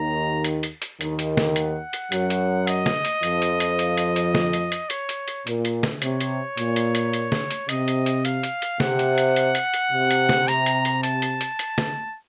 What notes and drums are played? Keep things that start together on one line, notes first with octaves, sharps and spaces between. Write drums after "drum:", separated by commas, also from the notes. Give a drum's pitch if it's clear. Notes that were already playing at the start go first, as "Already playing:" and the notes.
Already playing: D#2 D#3 A#5
drum: hi-hat
drum: hi-hat
drum: hi-hat
D#2 D#3, drum: hi-hat
drum: hi-hat
drum: snare
F#5, drum: hi-hat
drum: hi-hat
F#2 F#3, drum: hi-hat
drum: hi-hat
D#5, drum: hi-hat
drum: snare
drum: hi-hat
F2 F3, drum: hi-hat
drum: hi-hat
drum: hi-hat
drum: hi-hat
drum: hi-hat
drum: hi-hat
drum: snare
drum: hi-hat
drum: hi-hat
C#5, drum: hi-hat
drum: hi-hat
drum: hi-hat
A#2, drum: hi-hat
drum: hi-hat
drum: snare
C3 C#5, drum: hi-hat
drum: hi-hat
A#2, drum: hi-hat
drum: hi-hat
drum: hi-hat
drum: hi-hat
drum: snare
drum: hi-hat
C3 D#5, drum: hi-hat
drum: hi-hat
drum: hi-hat
F5, drum: hi-hat
drum: hi-hat
drum: hi-hat
C3 F#5, drum: snare
drum: hi-hat
drum: hi-hat
drum: hi-hat
drum: hi-hat
drum: hi-hat
C3
drum: hi-hat
drum: snare
A#5, drum: hi-hat
drum: hi-hat
drum: hi-hat
A5, drum: hi-hat
drum: hi-hat
drum: hi-hat
drum: hi-hat
drum: snare